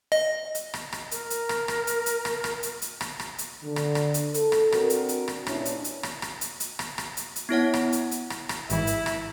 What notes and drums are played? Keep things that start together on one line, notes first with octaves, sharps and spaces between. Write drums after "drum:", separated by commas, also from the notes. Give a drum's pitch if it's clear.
D#5
drum: hi-hat
drum: rim click
drum: rim click
A#4, drum: hi-hat
drum: hi-hat
drum: rim click
drum: rim click
drum: hi-hat
drum: hi-hat
drum: rim click
drum: rim click
drum: hi-hat
drum: hi-hat
drum: rim click
drum: rim click
drum: hi-hat
D3
drum: rim click
drum: rim click
drum: hi-hat
A4, drum: hi-hat
drum: rim click
C4 D4 F#4 A#4, drum: rim click
drum: hi-hat
drum: hi-hat
drum: rim click
G2 A#2 C#4 D4 E4, drum: rim click
drum: hi-hat
drum: hi-hat
drum: rim click
drum: rim click
drum: hi-hat
drum: hi-hat
drum: rim click
drum: rim click
drum: hi-hat
drum: hi-hat
B3 E4 C#5 F#5
drum: rim click
drum: hi-hat
drum: hi-hat
drum: rim click
drum: rim click
A1 G#2 E3 E4, drum: hi-hat
drum: hi-hat
drum: rim click